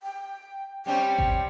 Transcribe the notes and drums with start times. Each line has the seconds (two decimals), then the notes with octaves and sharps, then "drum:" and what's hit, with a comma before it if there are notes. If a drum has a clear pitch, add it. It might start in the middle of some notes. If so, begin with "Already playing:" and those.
0.03 G5
0.86 G3 C4 C#4 G5
1.19 drum: kick G#1